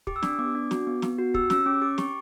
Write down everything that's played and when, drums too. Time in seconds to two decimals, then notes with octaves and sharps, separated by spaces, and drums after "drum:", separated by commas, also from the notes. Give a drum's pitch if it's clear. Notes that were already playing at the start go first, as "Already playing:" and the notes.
0.07 G4 D6, drum: kick
0.16 E6
0.23 D4 D6, drum: snare
0.39 B3 D6
0.55 D4
0.71 F#4, drum: snare
0.87 B3
1.02 B3, drum: snare
1.18 F#4
1.34 G4 E6, drum: kick
1.50 C#4 E6, drum: snare
1.66 C#4 D6
1.81 G4 D6
1.98 G4 C#6, drum: snare